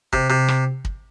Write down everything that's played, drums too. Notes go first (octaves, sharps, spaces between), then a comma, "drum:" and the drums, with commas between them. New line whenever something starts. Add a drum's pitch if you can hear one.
C3, drum: kick
C3
drum: rim click
drum: kick